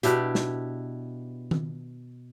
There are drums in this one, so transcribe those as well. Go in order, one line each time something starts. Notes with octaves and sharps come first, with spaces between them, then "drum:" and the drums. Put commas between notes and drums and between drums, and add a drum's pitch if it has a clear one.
B2 D4 E4 G4, drum: hi-hat
drum: snare
drum: tom D#3